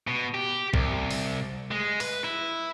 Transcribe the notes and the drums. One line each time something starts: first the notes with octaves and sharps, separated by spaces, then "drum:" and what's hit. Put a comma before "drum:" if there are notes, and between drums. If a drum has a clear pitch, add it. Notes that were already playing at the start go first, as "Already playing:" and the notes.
B2
G4
C2, drum: kick
drum: open hi-hat
G#3
B4, drum: open hi-hat
E4